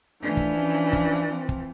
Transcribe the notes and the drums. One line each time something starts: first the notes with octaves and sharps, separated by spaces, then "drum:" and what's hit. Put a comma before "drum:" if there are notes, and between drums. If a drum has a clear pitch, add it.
E3 F3 A3 D4
drum: kick
C#4
drum: kick
C4
drum: kick